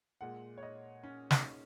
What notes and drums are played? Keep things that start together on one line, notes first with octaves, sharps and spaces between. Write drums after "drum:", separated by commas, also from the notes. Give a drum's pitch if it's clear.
A#2 G#3 F#5
C#5
D#5
C#4
D#4, drum: snare